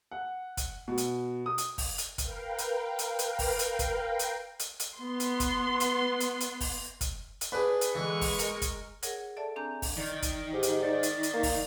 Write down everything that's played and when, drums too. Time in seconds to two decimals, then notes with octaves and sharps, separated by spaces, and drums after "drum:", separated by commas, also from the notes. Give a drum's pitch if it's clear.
0.11 F#5
0.57 drum: kick, hi-hat
0.88 B2
0.98 drum: hi-hat
1.46 D#6
1.58 drum: hi-hat
1.78 drum: kick, open hi-hat
1.98 drum: hi-hat
2.18 A#4 B4 F5 G5, drum: kick, hi-hat
2.58 drum: hi-hat
2.99 drum: hi-hat
3.19 drum: hi-hat
3.39 drum: kick, open hi-hat
3.59 drum: hi-hat
3.79 drum: kick, hi-hat
4.19 drum: hi-hat
4.59 drum: hi-hat
4.80 drum: hi-hat
4.96 B3 C6
5.20 drum: hi-hat
5.40 drum: kick, hi-hat
5.80 drum: hi-hat
6.20 drum: hi-hat
6.40 drum: hi-hat
6.61 drum: kick, open hi-hat
7.01 drum: kick, hi-hat
7.41 drum: hi-hat
7.52 D4 G#4 B4
7.81 drum: hi-hat
7.95 D3 E3 G#3 C#6
8.21 drum: kick, open hi-hat
8.39 A#4, drum: hi-hat
8.62 drum: kick, hi-hat
9.02 G#4 A#4 C#5 F#5, drum: hi-hat
9.37 A4 D5 E5 A5
9.56 C4 D4 G#5 A#5 G6
9.82 drum: kick, open hi-hat
9.97 D#3 D5
10.22 drum: kick, hi-hat
10.52 G#2 G4
10.63 drum: hi-hat
10.83 D5
11.03 drum: hi-hat
11.23 drum: hi-hat
11.33 A#3
11.43 drum: kick, open hi-hat